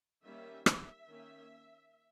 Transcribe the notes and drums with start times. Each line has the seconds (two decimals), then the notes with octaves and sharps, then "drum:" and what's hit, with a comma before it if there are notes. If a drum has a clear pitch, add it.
0.24 D#3 G3 A#3 C#4 E5
0.66 E5, drum: rim click
1.08 D#3 A#3 C#4